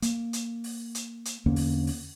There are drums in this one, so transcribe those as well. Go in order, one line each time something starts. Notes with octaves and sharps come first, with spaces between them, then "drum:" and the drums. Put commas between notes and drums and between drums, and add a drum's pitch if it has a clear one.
A#3, drum: hi-hat
drum: hi-hat
drum: open hi-hat
drum: hi-hat
drum: hi-hat
E2 D3 A#3 C#4
drum: open hi-hat
drum: open hi-hat